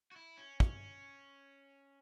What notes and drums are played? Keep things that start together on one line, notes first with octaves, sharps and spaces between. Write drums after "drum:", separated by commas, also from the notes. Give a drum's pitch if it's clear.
F#4
E4
C#4
C#4, drum: kick